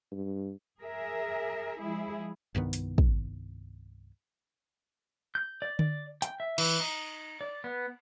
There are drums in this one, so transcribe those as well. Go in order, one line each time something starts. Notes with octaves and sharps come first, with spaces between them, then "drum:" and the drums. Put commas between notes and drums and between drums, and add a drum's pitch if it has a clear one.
G2
G#4 A#4 E5
F3 G#3 E4 G#4
C2 G2 D#3 B3
drum: hi-hat
drum: kick
G6
D5
D5, drum: tom D3
G5, drum: hi-hat
E5
E3, drum: cymbal
D#4
D5
B3